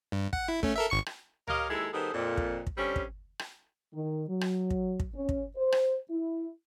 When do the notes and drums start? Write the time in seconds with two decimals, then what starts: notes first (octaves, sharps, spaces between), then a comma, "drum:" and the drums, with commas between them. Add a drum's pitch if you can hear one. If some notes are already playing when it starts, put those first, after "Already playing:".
0.12 G2
0.33 F#5, drum: kick
0.48 E4
0.63 A3 C#4, drum: kick
0.76 A4 A#4 E5
0.90 G#1 C#6 C#7
1.06 drum: rim click
1.47 G4 A#4 C#5 D#5 F5, drum: tom C#2
1.70 D#2 G#3 E4 A4
1.93 D#3 G3 B3 G#4 A4 C5
2.13 F2 A#2
2.37 drum: kick
2.67 drum: kick
2.77 D3 G3 C4 C#4
2.96 drum: kick
3.39 drum: rim click
3.92 D#3
4.28 F#3
4.41 drum: rim click
4.70 drum: kick
5.00 drum: kick
5.13 C#4
5.29 drum: kick
5.56 C5
5.72 drum: rim click
6.09 E4